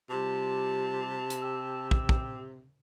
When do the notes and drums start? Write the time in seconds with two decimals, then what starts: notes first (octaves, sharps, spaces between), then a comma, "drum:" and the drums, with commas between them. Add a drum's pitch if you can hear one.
0.10 C3 G3 F4 G4 A5
1.30 drum: hi-hat
1.41 G4 G5 E6
1.91 drum: kick
2.09 drum: kick